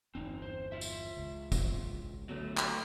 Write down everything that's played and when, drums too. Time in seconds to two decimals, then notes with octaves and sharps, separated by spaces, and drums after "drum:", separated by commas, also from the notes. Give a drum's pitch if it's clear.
0.15 G1 E2 C4 D#4
0.42 C5
0.72 F4 E5
0.81 drum: tambourine
1.17 C#2
1.52 drum: kick, tambourine
2.29 D3 F#3 A3 B3
2.57 drum: clap